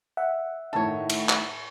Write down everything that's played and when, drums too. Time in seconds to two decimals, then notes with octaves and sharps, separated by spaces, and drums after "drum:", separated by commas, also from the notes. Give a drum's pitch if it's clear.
0.17 E5 F#5
0.73 A2 D#3 D#4 A4 C#5
1.10 drum: cymbal
1.29 drum: clap